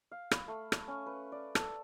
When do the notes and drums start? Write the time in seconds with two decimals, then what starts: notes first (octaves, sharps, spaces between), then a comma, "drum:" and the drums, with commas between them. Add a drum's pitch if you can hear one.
0.11 F5
0.31 B5, drum: rim click
0.48 A3
0.72 drum: rim click
0.88 C#4
1.06 B4
1.32 D5
1.55 A4, drum: rim click